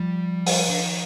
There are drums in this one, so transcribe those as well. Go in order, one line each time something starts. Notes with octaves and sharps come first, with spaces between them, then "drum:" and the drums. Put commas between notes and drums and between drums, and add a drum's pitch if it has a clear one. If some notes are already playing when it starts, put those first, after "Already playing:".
Already playing: F3 G3
drum: open hi-hat
D3
D#3